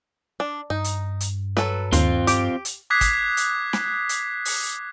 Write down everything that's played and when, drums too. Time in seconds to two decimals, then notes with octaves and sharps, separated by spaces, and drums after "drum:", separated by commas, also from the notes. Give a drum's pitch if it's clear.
0.40 D4
0.70 G2 D#4
0.84 drum: hi-hat
1.21 drum: hi-hat
1.57 F#3 A4 B4, drum: snare
1.93 D#2 C4 F4, drum: hi-hat
2.27 G4 D6, drum: hi-hat
2.65 drum: hi-hat
2.90 D6 D#6 F#6 G#6 B6 C7
3.01 drum: kick, hi-hat
3.37 drum: hi-hat
3.73 drum: snare
4.09 drum: hi-hat
4.45 drum: open hi-hat